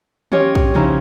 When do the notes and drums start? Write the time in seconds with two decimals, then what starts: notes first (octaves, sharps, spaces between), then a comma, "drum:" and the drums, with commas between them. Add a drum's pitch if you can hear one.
0.32 C#4 F4 G4 C#5 D#5, drum: tom
0.55 drum: kick
0.74 C#3 F3 C#4 D#4 E4